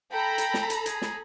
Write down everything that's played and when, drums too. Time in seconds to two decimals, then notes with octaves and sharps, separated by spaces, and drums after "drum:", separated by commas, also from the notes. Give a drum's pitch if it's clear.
0.13 A4 G5 A#5 B5
0.38 drum: hi-hat
0.54 drum: snare
0.70 drum: hi-hat
0.86 G#4, drum: hi-hat
1.02 drum: snare